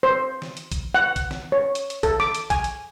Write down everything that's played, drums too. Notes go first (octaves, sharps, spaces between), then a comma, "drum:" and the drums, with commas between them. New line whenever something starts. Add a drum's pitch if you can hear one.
C5
drum: snare
drum: hi-hat
drum: kick A1, hi-hat
F#5
drum: kick A1, hi-hat
drum: snare
C#5
drum: hi-hat
drum: hi-hat
A4, drum: kick A1, hi-hat
D6, drum: snare
drum: hi-hat
G#5, drum: kick A1, hi-hat
drum: hi-hat